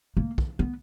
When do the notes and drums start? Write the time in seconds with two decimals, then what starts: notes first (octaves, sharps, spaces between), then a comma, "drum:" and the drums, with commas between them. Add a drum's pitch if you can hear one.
0.17 A#3
0.38 drum: kick
0.59 B3